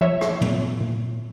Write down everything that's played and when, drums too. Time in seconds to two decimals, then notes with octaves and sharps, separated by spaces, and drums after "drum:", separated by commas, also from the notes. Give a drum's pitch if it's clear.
0.01 F3 C#5 E5
0.21 drum: rim click
0.41 A#2, drum: tom
0.81 A#2